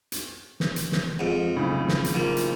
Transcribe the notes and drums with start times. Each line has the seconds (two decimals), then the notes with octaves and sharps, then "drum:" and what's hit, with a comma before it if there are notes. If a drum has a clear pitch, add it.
0.12 drum: hi-hat
0.60 drum: snare
0.76 drum: hi-hat
0.92 drum: snare
1.19 F2 G#2
1.56 B1 A2 C#3
1.88 drum: snare
2.04 drum: hi-hat
2.14 F3 A#3
2.37 drum: hi-hat